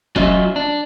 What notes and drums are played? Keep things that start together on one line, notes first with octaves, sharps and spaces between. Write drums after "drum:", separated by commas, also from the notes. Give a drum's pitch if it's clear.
F#3 C#4 F4 D#5 E5, drum: kick F1
D4